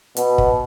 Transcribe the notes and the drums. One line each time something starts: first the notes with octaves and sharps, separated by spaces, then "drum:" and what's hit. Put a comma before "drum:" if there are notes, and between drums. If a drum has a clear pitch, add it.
B2, drum: hi-hat
drum: kick